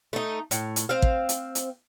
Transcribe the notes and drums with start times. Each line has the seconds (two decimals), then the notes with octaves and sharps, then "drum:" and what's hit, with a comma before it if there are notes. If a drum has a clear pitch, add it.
0.13 A3 D#4
0.51 A2, drum: hi-hat
0.76 drum: hi-hat
0.89 C4 F5
1.02 drum: kick
1.29 drum: hi-hat
1.55 drum: hi-hat